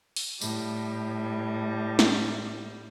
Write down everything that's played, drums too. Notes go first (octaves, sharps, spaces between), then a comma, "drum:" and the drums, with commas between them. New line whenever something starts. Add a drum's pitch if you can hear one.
drum: open hi-hat
A2 G3, drum: tambourine
drum: snare